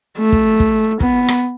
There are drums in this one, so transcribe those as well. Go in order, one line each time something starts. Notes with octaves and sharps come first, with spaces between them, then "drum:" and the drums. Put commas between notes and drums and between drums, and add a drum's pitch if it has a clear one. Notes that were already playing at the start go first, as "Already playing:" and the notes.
A3
drum: kick
drum: kick
B3, drum: kick
drum: rim click